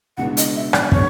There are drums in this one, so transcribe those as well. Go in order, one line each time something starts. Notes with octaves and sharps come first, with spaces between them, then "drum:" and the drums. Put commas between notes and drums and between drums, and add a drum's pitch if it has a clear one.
C#2 B2 G#3 B3 D4 F#5
D#5, drum: hi-hat
E5
D5, drum: rim click
B2 G#3 B3 D4 C#5, drum: kick